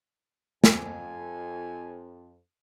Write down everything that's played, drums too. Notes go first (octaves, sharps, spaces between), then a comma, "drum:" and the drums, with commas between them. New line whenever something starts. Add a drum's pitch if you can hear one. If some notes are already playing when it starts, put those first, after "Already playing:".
F2 G#5, drum: snare